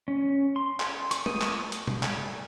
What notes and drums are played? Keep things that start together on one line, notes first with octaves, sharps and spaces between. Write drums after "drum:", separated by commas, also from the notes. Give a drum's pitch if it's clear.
C#4
C6
drum: clap
C#6, drum: hi-hat
D#6, drum: tom
drum: clap
drum: hi-hat
drum: tom B2
drum: clap